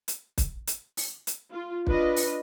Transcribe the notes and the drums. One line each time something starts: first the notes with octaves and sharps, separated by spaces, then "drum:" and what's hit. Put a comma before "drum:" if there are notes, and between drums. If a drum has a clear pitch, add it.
drum: hi-hat
drum: kick, hi-hat
drum: hi-hat
drum: open hi-hat
drum: hi-hat
F4
D4 F4 B4 D#5, drum: kick
drum: open hi-hat